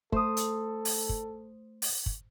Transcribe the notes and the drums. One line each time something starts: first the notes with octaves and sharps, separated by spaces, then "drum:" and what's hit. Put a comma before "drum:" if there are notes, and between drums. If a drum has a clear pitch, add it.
A3 A4 C5 D#6, drum: kick
drum: hi-hat
drum: open hi-hat
drum: kick
drum: open hi-hat
drum: kick